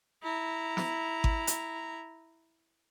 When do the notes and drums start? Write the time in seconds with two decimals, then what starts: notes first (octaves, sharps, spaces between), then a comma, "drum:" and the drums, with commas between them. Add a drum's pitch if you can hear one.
0.23 E4 A#5
0.77 drum: snare
1.24 drum: kick G#1
1.47 drum: hi-hat